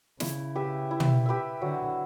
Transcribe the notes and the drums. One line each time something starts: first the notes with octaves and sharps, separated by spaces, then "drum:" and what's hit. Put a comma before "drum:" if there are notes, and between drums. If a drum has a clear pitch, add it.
C#3 E4, drum: snare
G4 B4 E5
E4
drum: tom
G4 B4 E5
D3 F#3